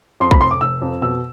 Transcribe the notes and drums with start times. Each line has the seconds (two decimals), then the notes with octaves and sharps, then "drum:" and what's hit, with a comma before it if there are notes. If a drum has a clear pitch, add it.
0.20 F2 C6
0.31 B5, drum: kick
0.40 F1 C6
0.51 D6
0.61 F1 E6
0.82 F2
1.02 B2 E6